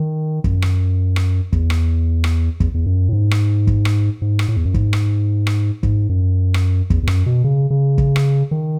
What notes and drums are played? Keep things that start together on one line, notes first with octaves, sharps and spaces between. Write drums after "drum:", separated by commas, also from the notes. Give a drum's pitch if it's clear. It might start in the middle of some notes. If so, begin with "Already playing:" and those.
Already playing: D#3
F#2, drum: kick
drum: rim click
drum: rim click
E2, drum: kick
drum: rim click
drum: rim click
E2, drum: kick
E2
F#2
A2
G#2
drum: rim click
drum: kick
drum: rim click
G#2
drum: rim click
A2
E2
F#2
G#2, drum: kick
drum: rim click
drum: rim click
G#2, drum: kick
F#2
drum: rim click
E2, drum: kick
E2
F#2, drum: rim click
B2
C#3
C#3
drum: kick
drum: rim click
D#3